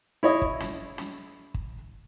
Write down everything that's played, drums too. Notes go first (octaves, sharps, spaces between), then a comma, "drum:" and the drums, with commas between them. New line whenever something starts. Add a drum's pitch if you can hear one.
E4 C#5 D#5
drum: kick
drum: snare
drum: snare
drum: kick